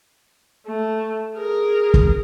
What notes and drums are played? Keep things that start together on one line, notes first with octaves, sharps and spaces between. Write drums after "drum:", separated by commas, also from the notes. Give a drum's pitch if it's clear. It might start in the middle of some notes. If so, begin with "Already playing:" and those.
A3
G#4 A#4
drum: kick